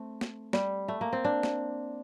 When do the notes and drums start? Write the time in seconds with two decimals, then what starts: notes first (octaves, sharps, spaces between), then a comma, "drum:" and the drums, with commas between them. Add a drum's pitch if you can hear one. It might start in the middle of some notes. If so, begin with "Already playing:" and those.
Already playing: A3 C4
0.21 drum: snare
0.53 G3, drum: snare
0.88 A3
1.01 A#3
1.13 C4
1.25 D4
1.43 drum: snare